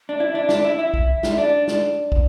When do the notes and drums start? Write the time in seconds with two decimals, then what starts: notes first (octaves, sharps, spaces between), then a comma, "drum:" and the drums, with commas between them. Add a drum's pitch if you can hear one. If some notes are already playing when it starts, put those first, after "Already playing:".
0.09 D4
0.20 E4 E5
0.35 D4
0.49 D4, drum: snare
0.65 E4
0.79 E4
0.94 drum: kick
1.23 drum: snare
1.37 D4 D5
1.67 drum: snare
2.12 drum: kick